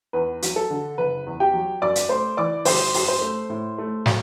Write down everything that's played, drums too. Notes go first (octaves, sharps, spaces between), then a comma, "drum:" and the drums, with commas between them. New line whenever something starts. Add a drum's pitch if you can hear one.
E2 B4
F#3, drum: hi-hat
A4
D3
F#1 B4
E2
G4 G5
F#3
F#2 D5 D6
drum: hi-hat
A3 C5 C6
E3 D5 D6
G1 C5 C6, drum: open hi-hat
F#2, drum: open hi-hat
C5 C6
A3
A2
A3
F#3, drum: snare